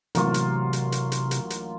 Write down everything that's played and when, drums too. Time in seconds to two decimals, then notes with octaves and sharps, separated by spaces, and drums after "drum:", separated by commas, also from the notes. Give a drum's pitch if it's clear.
0.15 A1 C3 F#3 A#3 F4 C#6, drum: hi-hat
0.34 drum: hi-hat
0.73 drum: hi-hat
0.92 drum: hi-hat
1.12 drum: hi-hat
1.31 drum: hi-hat
1.50 drum: hi-hat